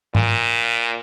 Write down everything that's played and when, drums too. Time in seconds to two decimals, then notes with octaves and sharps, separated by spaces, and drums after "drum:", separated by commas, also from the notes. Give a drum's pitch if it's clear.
0.15 A#2, drum: tom G#2